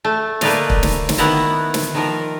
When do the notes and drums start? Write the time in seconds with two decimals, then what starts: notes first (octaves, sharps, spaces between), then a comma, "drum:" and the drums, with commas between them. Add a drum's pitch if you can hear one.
0.05 A3
0.41 A3 A#3 B4 D5 D#5 F5, drum: snare
0.70 drum: kick
0.83 drum: snare
1.09 drum: snare
1.18 D#3 B3 E4 F#5 A5 A#5
1.74 drum: snare
1.95 D#3 F3 A#4